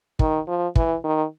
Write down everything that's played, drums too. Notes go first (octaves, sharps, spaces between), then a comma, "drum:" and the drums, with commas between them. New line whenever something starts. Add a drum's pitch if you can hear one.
D#3, drum: kick
F3
E3, drum: kick
D#3